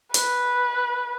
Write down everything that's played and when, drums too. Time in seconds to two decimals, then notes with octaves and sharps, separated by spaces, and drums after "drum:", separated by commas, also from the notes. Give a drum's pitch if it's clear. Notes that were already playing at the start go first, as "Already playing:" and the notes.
0.14 B4, drum: hi-hat